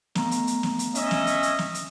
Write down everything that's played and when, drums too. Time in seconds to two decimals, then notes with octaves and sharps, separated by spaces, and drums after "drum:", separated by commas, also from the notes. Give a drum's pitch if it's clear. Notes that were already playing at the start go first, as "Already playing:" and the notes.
0.15 A3 B3 A#5, drum: snare
0.31 drum: hi-hat
0.47 drum: hi-hat
0.63 drum: snare
0.79 drum: hi-hat
0.95 C#4 D#5 E5, drum: hi-hat
1.11 drum: snare
1.27 drum: hi-hat
1.43 drum: hi-hat
1.59 drum: snare
1.74 drum: hi-hat